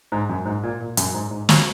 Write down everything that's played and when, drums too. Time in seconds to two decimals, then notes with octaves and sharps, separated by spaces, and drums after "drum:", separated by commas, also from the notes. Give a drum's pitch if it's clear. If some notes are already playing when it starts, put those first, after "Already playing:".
0.12 G#2
0.29 F#2
0.46 G#2
0.63 A#2
0.80 A#2
0.97 F#2, drum: hi-hat
1.14 G#2
1.31 G#2
1.49 F#3, drum: snare